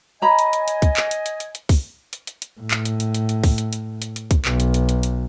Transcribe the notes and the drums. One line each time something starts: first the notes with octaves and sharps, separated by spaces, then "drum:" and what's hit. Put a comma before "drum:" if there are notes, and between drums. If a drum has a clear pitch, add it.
C#5 D#5 G#5 A#5 B5
drum: hi-hat
drum: hi-hat
drum: hi-hat
drum: kick, hi-hat
drum: clap
drum: hi-hat
drum: hi-hat
drum: hi-hat
drum: hi-hat
drum: kick, open hi-hat
drum: hi-hat
drum: hi-hat
drum: hi-hat
A2
drum: clap
drum: hi-hat
drum: hi-hat
drum: hi-hat
drum: hi-hat
drum: kick, open hi-hat
drum: hi-hat
drum: hi-hat
drum: hi-hat
drum: hi-hat
drum: kick, hi-hat
B1, drum: clap
drum: hi-hat
drum: hi-hat
drum: hi-hat
drum: hi-hat